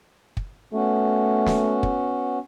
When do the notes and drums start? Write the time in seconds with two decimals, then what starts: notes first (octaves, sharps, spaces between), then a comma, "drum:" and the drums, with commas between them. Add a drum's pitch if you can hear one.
0.37 drum: kick
0.73 A3 B3 C#4 F#4
1.46 drum: snare
1.83 drum: kick